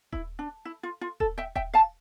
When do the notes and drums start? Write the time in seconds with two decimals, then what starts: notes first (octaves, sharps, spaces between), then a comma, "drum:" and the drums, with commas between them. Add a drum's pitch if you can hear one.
0.12 E4, drum: kick D#1
0.39 D4
0.65 E4
0.83 F4
1.01 F4
1.20 A4, drum: kick D#1
1.38 E5 G5
1.55 E5 G5, drum: kick D#1
1.74 F5 A5